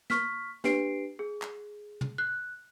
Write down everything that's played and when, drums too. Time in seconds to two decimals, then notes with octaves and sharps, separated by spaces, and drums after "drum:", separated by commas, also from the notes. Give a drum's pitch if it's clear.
0.10 C#6 F6 B6, drum: snare
0.64 D4 G4 B4 C7 D7, drum: snare
1.19 G#4
1.42 drum: clap
2.01 drum: tom
2.18 F#6